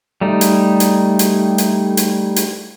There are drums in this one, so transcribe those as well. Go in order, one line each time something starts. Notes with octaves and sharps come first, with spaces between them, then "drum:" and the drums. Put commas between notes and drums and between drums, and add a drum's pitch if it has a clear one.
G3 A3 D#4
drum: hi-hat
drum: hi-hat
drum: hi-hat
drum: hi-hat
drum: hi-hat
drum: hi-hat